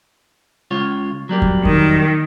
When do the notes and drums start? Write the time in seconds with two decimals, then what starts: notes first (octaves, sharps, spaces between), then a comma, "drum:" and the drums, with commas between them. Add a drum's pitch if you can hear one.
0.71 C#2 F4 C#5
1.29 F#3 G3 A#3
1.42 drum: kick F2
1.65 D#3, drum: kick F2